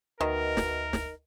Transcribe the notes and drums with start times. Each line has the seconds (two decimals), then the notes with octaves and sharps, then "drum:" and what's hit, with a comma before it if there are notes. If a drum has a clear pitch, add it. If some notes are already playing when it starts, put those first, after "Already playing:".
0.21 D2 B2 D#3 A#4 E5 A#5
0.57 drum: snare
0.93 drum: snare